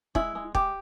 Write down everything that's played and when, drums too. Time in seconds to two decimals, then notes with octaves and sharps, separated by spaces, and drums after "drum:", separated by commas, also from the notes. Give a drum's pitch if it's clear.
0.15 G#3 E4, drum: kick
0.35 G#3
0.55 G#3 G4, drum: kick